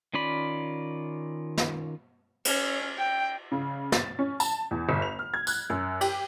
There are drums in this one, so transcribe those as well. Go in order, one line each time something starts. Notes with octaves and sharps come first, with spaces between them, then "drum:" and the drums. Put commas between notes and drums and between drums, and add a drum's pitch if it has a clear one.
D#3 C#4 F4 D5 B5
drum: snare
C#4, drum: cymbal
G5
C#3
A6, drum: snare
C#4
A5, drum: tambourine
E2
G1
F7
F6
G#6
F#6, drum: tambourine
F#2
G4, drum: cymbal